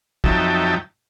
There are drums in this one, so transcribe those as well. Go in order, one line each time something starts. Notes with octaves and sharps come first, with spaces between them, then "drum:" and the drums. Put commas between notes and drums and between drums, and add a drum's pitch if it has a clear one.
F2 F#3 D#4 E5 G5 A5, drum: kick